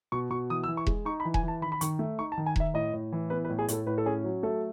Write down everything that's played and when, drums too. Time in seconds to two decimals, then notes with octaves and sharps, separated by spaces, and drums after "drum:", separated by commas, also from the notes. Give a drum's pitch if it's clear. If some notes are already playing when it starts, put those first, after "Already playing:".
0.12 B2 C#6
0.30 B2 C#6
0.50 E3 D#6
0.64 E6
0.68 E3
0.77 C#6
0.87 G#3, drum: kick E1
1.05 D#4 C#6
1.20 B5
1.25 E3
1.34 G#5, drum: kick E1
1.43 E3 A5
1.61 D#3 B5
1.72 B5
1.81 D#3 C#6, drum: hi-hat
1.99 A3
2.19 D#4 C#6
2.32 A5
2.37 D#3
2.46 G#5
2.56 D#3 E5, drum: kick E1
2.74 A2 D#5
2.93 A2
3.12 E3
3.30 B3 B4
3.45 B4
3.50 A2
3.59 G#4
3.68 A2 A4, drum: hi-hat
3.87 A2 B4
3.98 A4
4.06 C#4 G#4
4.24 F#3
4.43 A3 A4